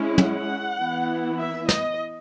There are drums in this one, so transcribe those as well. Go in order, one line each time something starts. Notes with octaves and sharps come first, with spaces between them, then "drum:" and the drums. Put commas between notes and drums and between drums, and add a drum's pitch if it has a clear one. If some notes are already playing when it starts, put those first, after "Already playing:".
Already playing: G#3 C#4 E4
F#5, drum: tom
E3 B3 E4
E5
D#5, drum: snare